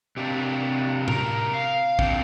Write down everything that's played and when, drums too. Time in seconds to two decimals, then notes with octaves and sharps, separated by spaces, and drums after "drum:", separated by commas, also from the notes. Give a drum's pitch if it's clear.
0.17 C3 A#3 D4 G4
1.08 A#4, drum: tom
1.53 F5
1.99 C3 A#3 D4 G5, drum: kick